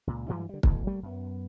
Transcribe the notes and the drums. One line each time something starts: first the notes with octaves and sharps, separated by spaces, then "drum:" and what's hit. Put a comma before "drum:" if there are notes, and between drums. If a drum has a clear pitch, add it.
C#2 A#2
G2 E3 F#3 G#3
D3 G3
E2 B2 E3 A3, drum: kick
F#3 A3 A#3
F#2 B3